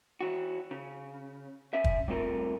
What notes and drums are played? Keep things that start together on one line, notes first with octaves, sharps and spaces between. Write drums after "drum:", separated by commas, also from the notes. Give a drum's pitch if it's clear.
E3 F#4
C#3
C#4 E5
drum: kick
G3 A3 C4 F4 A4 A#4